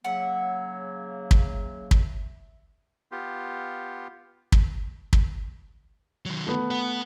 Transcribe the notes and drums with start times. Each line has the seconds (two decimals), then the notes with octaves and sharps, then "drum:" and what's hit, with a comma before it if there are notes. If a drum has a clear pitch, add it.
0.04 C#3 F#3 A#3 E5 F#5
1.31 drum: kick
1.91 drum: kick
3.12 B3 F4 G4
4.52 drum: kick
5.13 drum: kick
6.26 D#3 F#3
6.47 A3 B3
6.70 B4 F#5